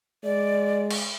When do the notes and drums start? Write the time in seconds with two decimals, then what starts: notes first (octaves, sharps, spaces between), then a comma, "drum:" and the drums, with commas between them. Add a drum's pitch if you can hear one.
0.24 G#3 D5
0.91 drum: cymbal